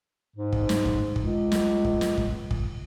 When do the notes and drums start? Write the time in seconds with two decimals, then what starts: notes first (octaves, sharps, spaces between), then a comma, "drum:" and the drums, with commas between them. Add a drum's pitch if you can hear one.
0.36 G#2
0.53 drum: kick
0.69 drum: snare
0.86 drum: kick
1.16 C#2, drum: kick
1.52 drum: snare
1.85 drum: kick
2.01 drum: snare
2.18 drum: kick
2.51 drum: kick